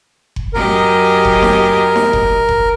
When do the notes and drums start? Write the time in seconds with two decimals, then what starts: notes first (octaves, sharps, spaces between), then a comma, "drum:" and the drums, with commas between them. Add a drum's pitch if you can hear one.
0.36 drum: kick F#1
0.54 F#2 G4 A#4 D#5
1.25 drum: kick F#1
1.42 drum: snare D#4
1.96 drum: snare D#4
2.13 drum: kick F#1
2.49 drum: kick F#1